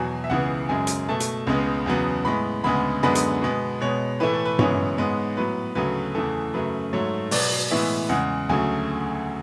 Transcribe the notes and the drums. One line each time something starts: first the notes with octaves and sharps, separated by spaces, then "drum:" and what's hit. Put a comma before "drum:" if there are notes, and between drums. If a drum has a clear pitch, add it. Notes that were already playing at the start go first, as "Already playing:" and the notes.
Already playing: E2 B2 F#3 G#5
E5
C#2 C#3 E3 B3 F#5
F#2 C#3 G#3 G#5
drum: hi-hat
B2 A3 A5
drum: hi-hat
C#2 C#3 G#3 B3
E2 C#3 F#3 B3
A2 G#3 B3 B5
D2 C#3 G#3 B3 B5
F#2 D3 G#3 B3 B5
drum: hi-hat
B2 G#3 B3
B2 G#3 B3 C#5
A2 E3 A3 B4
A4
B4
F#2 C#3 E3 G#3 B3 C#5, drum: tom G2
G#2 G#3 B3
A2 F#3 B3 B4
D2 C#3 F#3 A3 B4
E2 C#3 E3 A3 A4
F#2 C#3 F#3 A3 B4
G#2 F#3 A3 C#5
B2 F#3 B3 D5, drum: open hi-hat
A2 E3 G#3 B3 E5
E2 C#3 G#3 F#5
D2 C#3 F#3 A3 G#5